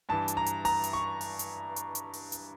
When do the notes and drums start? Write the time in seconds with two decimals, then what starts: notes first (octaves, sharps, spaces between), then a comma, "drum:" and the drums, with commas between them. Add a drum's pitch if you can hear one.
0.09 G2 E3 A5
0.28 drum: hi-hat
0.37 A#5
0.46 drum: hi-hat
0.65 A#5, drum: open hi-hat
0.84 drum: hi-hat
0.93 C#6
1.21 drum: open hi-hat
1.39 drum: hi-hat
1.76 drum: hi-hat
1.95 drum: hi-hat
2.13 drum: open hi-hat
2.32 drum: hi-hat